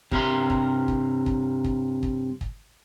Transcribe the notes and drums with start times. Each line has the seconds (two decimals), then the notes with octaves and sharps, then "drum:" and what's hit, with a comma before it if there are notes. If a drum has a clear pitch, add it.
0.11 G2 C3 A#4 B4 E5 C6, drum: kick
0.50 drum: kick
0.88 drum: kick
1.26 drum: kick
1.64 drum: kick
2.03 drum: kick
2.41 drum: kick